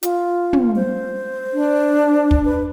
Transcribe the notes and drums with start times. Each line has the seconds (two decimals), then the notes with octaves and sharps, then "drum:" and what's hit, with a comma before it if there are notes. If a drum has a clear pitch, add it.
0.03 F4, drum: hi-hat
0.53 drum: tom
0.76 C5
1.53 D4
2.31 drum: kick
2.45 B4